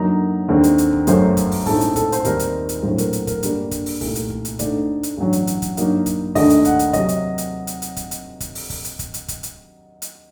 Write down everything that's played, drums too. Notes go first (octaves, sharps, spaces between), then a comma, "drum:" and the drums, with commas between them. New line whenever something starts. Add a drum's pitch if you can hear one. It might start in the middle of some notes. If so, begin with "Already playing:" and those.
Already playing: F#2 D3 F#3 A#3 D#4 A#5
D#2 D3 G3 C4 D#4
drum: hi-hat
drum: hi-hat
drum: kick
G1 F#2 F#3 A3 C5, drum: hi-hat
drum: kick, hi-hat
drum: open hi-hat
A#1 A2 A3 C4 D#4 A4, drum: kick, open hi-hat
drum: hi-hat
A4, drum: kick, hi-hat
C5, drum: hi-hat
D#2 D#3 G3 C4 D#4 A#4, drum: kick, hi-hat
drum: hi-hat
drum: hi-hat
A#1 A2 F#3 C4 C5
A#4, drum: hi-hat
drum: hi-hat
A#4, drum: kick, hi-hat
G2 D3 G3 A#3, drum: hi-hat
drum: kick, hi-hat
drum: open hi-hat
C2 A#2 A3 D#4, drum: kick, open hi-hat
drum: hi-hat
drum: kick
drum: hi-hat
D2 D3 A3 D#4 D5, drum: kick, hi-hat
drum: hi-hat
A1 G2 F#3
drum: hi-hat
drum: hi-hat
drum: kick, hi-hat
G2 F#3 A#3 D#4, drum: hi-hat
drum: kick, hi-hat
D#2 D3 A3 D4 D#5, drum: kick, open hi-hat
drum: hi-hat
F#5, drum: kick, hi-hat
drum: hi-hat
C3 F#3 D#5, drum: kick, hi-hat
drum: hi-hat
drum: hi-hat
drum: hi-hat
drum: hi-hat
drum: kick, hi-hat
drum: hi-hat
drum: kick, hi-hat
drum: open hi-hat
drum: kick, open hi-hat
drum: hi-hat
drum: kick, hi-hat
drum: hi-hat
drum: kick, hi-hat
drum: hi-hat
drum: hi-hat